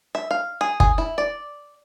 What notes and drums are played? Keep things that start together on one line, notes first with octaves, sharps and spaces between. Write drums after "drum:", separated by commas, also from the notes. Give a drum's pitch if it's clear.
E5
F5
G#4
G#4, drum: kick
E4
D5